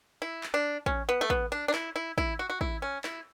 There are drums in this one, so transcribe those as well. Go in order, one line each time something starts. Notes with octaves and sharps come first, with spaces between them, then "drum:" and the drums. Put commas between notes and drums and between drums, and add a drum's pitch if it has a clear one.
E4
drum: clap
D4
C#4, drum: kick
B3
A3
B3, drum: kick
D4
D4
E4, drum: clap
E4
E4, drum: kick
F#4
F#4
E4, drum: kick
C#4
E4, drum: clap